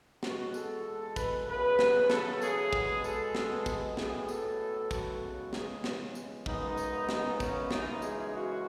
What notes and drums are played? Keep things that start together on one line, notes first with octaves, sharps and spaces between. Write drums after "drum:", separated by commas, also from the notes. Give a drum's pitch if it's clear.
E2 B2 G#3 F#4, drum: snare
A4, drum: tambourine
B4, drum: kick, tambourine
E2 C#3 F#3 B4
drum: snare
A4, drum: snare
G#4, drum: tambourine
B2 G#3 B3, drum: kick
A4, drum: tambourine
drum: snare
G#4, drum: kick, tambourine
A2 F#3 B3 G#4, drum: snare
A4, drum: tambourine
F#4, drum: kick, tambourine
E2 C#3 G#3
G#4, drum: snare
drum: snare
drum: tambourine
F#2 C#3 G#3 B3 D#4, drum: kick
drum: tambourine
drum: snare
C#4, drum: kick, tambourine
F#2 C#3 E3 G#3 D#4, drum: snare
G#4, drum: tambourine
F#4